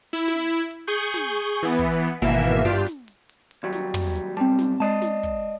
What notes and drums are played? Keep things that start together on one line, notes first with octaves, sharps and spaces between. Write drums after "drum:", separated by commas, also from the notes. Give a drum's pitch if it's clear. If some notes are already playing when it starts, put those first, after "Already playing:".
E4
drum: snare
drum: hi-hat
G#4 C#6 G6
drum: snare
drum: hi-hat
E3 B3
drum: kick, hi-hat
drum: hi-hat
G#1 B2 E3 A#3 E5 E7, drum: snare
drum: hi-hat
G2 D4 F4 G4, drum: hi-hat
drum: snare
drum: hi-hat
drum: hi-hat
drum: hi-hat
D#2 F#3 G3
drum: snare
drum: tom
drum: hi-hat
B1 G3 C4 A5, drum: hi-hat
drum: snare
G#3 D5 D#5 A5
drum: snare
drum: kick